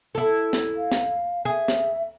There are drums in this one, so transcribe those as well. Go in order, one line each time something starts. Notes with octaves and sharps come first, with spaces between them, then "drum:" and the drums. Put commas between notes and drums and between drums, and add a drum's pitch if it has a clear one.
E4 A4
drum: snare
F5
drum: snare
G#4 E5
drum: snare